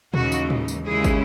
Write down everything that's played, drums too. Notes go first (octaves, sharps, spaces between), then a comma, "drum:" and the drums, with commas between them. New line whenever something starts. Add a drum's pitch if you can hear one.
D#2 C#3 E3 G#3 D#4 F#4, drum: tom A#2
drum: tambourine
drum: tom A2
drum: tambourine
D#2 C#3 G#3 C#4 E4 G#4
drum: kick, tambourine